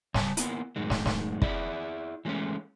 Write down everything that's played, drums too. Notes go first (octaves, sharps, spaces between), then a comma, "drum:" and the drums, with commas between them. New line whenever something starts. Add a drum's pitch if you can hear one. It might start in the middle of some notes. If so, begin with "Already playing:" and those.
C#3 G3 A5, drum: snare
A#3 B3 E4, drum: hi-hat
F#2 A2 D#3 G#3
drum: snare
drum: snare
E4 G#4 D5 E5, drum: kick
E3 F#3 G#3 A3 C#4